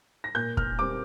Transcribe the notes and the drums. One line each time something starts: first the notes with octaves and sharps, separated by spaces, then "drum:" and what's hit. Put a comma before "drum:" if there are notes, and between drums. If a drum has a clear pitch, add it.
A#6
A#2 G6
F6, drum: kick
G3 C4 D6